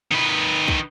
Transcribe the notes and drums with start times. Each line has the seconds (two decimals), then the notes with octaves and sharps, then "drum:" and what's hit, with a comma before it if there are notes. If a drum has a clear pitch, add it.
0.11 D#3 B4
0.68 drum: kick